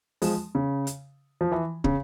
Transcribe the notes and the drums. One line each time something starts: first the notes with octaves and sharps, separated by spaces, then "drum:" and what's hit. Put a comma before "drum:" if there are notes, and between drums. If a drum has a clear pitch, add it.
F3 G#3, drum: open hi-hat
C#3
drum: hi-hat
F3
E3
C#3, drum: kick